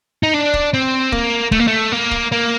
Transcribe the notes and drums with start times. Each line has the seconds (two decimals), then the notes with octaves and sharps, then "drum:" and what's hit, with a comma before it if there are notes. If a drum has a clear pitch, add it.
0.23 D#4
0.34 D4
0.54 drum: kick
0.74 C4
1.12 A#3, drum: kick
1.52 A3, drum: kick
1.60 A#3
1.67 A3
1.92 A#3
2.11 drum: kick
2.32 A#3